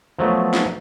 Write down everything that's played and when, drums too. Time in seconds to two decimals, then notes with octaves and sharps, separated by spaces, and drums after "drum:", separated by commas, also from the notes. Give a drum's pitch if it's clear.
0.18 F3 F#3 A3 B3
0.53 drum: snare